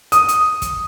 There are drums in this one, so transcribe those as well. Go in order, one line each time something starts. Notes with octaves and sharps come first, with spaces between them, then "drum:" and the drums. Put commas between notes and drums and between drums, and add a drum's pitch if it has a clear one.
D#6, drum: hi-hat
drum: hi-hat
drum: kick, hi-hat